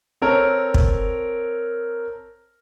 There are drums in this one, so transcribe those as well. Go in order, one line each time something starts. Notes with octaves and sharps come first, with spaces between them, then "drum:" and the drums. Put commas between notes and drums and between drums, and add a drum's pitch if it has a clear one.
C4 A4 A#4 C#5
drum: kick